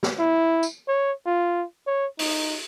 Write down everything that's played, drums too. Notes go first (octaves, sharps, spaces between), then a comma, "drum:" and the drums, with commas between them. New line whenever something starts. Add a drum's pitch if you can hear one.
drum: snare
E4
drum: tambourine
C#5
F4
C#5
D#4, drum: open hi-hat